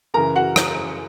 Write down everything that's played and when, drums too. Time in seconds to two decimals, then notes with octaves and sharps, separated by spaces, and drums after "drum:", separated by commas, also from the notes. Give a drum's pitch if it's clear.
0.14 F#2 C#3 E3 A#4 A#5
0.35 F#4 F#5
0.56 drum: rim click